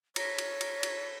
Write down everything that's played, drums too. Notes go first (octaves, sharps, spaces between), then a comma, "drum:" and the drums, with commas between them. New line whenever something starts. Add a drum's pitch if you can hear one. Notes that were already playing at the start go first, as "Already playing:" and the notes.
C#5 A#6 B6, drum: cymbal
drum: cymbal
drum: cymbal
drum: cymbal